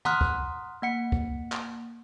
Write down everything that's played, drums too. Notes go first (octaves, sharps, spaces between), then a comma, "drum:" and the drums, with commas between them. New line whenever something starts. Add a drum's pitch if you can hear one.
F#5 A#5 C6 D#6 F6 F#6, drum: tom
drum: kick C#2
A#3 F#5 C#7
drum: kick C#2
drum: clap